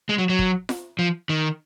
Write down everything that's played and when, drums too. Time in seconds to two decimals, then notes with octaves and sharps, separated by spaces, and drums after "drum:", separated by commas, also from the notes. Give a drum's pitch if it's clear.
0.09 G#3
0.18 F#3
0.29 F#3
0.39 drum: kick
0.69 drum: snare F4
0.99 F3
1.29 D#3